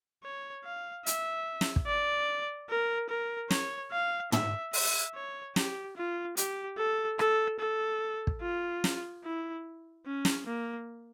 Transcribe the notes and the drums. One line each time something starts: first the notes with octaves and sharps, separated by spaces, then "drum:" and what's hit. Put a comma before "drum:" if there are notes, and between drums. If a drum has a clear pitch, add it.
C#5
F5
E5, drum: hi-hat
drum: snare
drum: kick
D5
A#4
A#4
C#5, drum: snare
F5
E5, drum: tom
E5, drum: open hi-hat
C#5
G4, drum: snare
F4
G4, drum: hi-hat
A4
A4, drum: rim click
A4
drum: kick
F4
drum: snare
E4
C#4
drum: snare
A#3